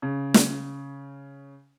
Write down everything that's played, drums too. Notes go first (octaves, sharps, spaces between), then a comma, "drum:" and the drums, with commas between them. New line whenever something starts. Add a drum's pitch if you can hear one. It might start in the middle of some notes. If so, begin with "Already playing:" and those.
C#3
drum: snare